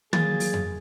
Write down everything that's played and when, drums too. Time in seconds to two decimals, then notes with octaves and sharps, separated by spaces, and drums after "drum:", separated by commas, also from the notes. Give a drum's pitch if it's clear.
0.13 F#3 A#3 G#4 A6, drum: tom
0.40 drum: open hi-hat
0.54 drum: tom F2